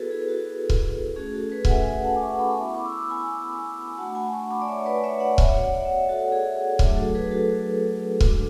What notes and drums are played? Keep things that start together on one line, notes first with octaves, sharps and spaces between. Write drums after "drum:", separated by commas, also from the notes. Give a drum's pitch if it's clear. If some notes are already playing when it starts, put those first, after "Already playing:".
Already playing: B3 E4 F#4 G#4 A4 B4
G#4
F#4
drum: kick C#1
A3 C#4 F#4 G#4
F#4 A4
G#4 B4
F#5, drum: kick C#1
E5 G#5
E5 G#5
F#5 A5
D6
A5 C#6
B5 D6
B3 E4
C#6
B5 D6
E6
B5 D6
G#5 B5
A3 D4 F#4 F#5 A5
G#5 B5
A5 C#6
B5 D6
D5
C#5 E5
C#5
B4 D5
D5
C#5 E5
D5 F#5
B3 F#4 C#5 E5, drum: kick C#1
D5 F#5
F#5
C#5 E5
F#4 A4
G#4
G#4
F#3 A3 D4 F#4 G#4, drum: kick C#1
F#4 A4
G#4 B4
F#4 A4
G#3 D4 F#4, drum: kick C#1